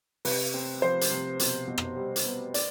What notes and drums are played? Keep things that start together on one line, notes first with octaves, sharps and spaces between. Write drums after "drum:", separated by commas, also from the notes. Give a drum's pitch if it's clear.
C3 B4, drum: open hi-hat
C4
F3 C5
drum: hi-hat
C3
B2, drum: hi-hat
B2
drum: rim click
G3
drum: hi-hat
B3
D5, drum: hi-hat